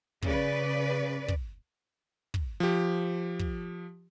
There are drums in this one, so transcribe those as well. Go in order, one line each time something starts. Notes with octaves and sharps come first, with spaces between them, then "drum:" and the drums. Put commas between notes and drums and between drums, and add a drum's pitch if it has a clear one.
C#3 B4 D5, drum: kick
drum: kick
drum: kick
F3 G4
drum: kick